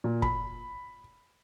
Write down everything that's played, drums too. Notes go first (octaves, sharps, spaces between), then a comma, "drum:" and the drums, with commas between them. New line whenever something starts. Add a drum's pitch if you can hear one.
A#2
B5, drum: kick